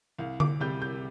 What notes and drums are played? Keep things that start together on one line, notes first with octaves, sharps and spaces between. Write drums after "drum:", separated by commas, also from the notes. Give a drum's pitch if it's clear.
C2 F5
D6, drum: tom D3
C3 G3 G6
G6